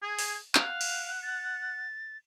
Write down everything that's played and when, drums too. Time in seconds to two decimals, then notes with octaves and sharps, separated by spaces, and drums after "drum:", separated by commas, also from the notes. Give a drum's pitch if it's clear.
0.02 G#4 G#6
0.19 drum: open hi-hat
0.55 F5 F#5, drum: clap
0.81 drum: cymbal
1.23 A6